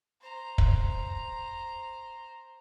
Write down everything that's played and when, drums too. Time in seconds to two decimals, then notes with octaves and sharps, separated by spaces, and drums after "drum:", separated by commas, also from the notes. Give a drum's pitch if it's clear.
0.21 C5 A#5
0.58 drum: kick